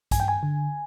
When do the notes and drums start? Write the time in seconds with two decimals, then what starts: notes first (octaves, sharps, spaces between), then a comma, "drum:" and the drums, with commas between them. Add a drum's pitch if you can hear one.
0.11 G2 G#5, drum: kick A#1, hi-hat
0.20 G5
0.28 G#5
0.43 D3